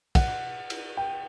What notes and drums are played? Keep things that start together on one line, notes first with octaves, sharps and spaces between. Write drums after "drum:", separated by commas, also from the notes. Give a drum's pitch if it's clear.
F#5, drum: kick, cymbal
drum: cymbal
G5